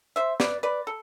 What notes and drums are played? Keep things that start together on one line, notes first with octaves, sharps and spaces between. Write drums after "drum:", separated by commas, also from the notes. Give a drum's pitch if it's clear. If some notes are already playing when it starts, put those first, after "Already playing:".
C5 E5
B4 D5, drum: snare
B4 D5
A4